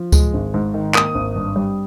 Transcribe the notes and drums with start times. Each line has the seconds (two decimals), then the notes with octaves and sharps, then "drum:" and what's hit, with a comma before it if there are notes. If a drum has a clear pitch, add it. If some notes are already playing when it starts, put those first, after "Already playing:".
Already playing: F3
0.12 G#3, drum: kick C#2, tambourine
0.34 G#1
0.54 G#2
0.74 D#3
0.95 A#3 D#6, drum: clap
1.15 G#1
1.36 G2
1.56 G3